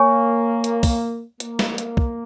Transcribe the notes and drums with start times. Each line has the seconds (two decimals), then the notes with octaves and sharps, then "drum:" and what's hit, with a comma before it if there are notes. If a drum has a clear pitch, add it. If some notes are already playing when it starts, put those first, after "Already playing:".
Already playing: A#3 C#5 G#5 C#6
0.64 drum: hi-hat
0.83 drum: kick, open hi-hat
1.40 A#3, drum: hi-hat
1.59 drum: snare
1.78 drum: hi-hat
1.97 drum: kick